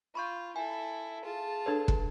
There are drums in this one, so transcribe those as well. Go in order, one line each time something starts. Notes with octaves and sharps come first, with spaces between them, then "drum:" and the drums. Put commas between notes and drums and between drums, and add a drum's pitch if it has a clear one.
F4 B5 C#6 G6
E4 A4 G#5
F4 G#4 A5
D4 A4 B4 C#5
drum: kick